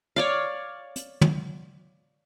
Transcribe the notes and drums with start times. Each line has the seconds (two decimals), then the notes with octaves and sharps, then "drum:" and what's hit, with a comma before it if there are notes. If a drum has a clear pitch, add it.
0.16 C#5 D5 F5
0.96 drum: hi-hat
1.21 drum: tom